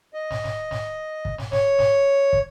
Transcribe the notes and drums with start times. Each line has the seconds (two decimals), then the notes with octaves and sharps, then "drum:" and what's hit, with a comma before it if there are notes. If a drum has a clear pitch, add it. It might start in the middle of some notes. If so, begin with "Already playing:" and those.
0.13 D#5
0.31 drum: snare
0.44 drum: snare
0.71 drum: snare
1.25 drum: kick
1.38 drum: snare
1.52 C#5, drum: snare
1.79 drum: snare
2.33 drum: kick